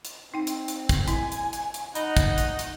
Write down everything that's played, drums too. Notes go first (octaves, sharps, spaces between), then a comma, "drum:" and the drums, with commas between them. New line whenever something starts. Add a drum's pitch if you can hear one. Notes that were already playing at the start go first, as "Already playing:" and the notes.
drum: hi-hat
C4 D#4 G5
drum: hi-hat
drum: hi-hat
drum: kick, hi-hat
E4 G#5, drum: hi-hat
drum: hi-hat
drum: hi-hat
drum: hi-hat
D#4 F#5 B5, drum: hi-hat
drum: kick, hi-hat
drum: hi-hat
drum: hi-hat